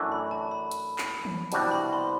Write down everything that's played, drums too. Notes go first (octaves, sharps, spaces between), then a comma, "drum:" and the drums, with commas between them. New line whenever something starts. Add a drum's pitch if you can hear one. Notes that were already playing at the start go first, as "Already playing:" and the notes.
Already playing: F#2 E3 A3 D4 F#4
B5
A5
B5
drum: hi-hat
drum: clap
drum: tom E3
C2 B2 G3 D4 F#4 A5, drum: hi-hat
B5
C6